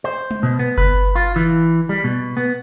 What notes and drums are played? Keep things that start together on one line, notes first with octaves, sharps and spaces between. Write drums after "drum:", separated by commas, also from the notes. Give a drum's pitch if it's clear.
C5
drum: tom G#3
B2
B3
B4, drum: kick G1
F4
E3
G3
B2
B3